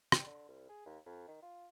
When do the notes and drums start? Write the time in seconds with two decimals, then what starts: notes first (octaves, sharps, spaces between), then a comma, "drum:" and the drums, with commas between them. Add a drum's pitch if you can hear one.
0.12 G4, drum: rim click
0.26 D3
0.48 C2
0.69 G#4
0.86 D#2
1.06 F2
1.28 D#3
1.42 F4